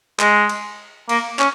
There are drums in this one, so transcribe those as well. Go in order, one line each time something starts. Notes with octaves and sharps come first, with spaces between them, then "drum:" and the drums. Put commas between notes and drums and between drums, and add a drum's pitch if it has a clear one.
G#3, drum: clap
drum: cymbal
A#3, drum: cymbal
C#4, drum: clap